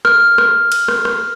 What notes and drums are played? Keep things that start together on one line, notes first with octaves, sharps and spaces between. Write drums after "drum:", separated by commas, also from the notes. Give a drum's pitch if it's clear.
F6, drum: rim click
drum: rim click
drum: cymbal
drum: rim click
drum: rim click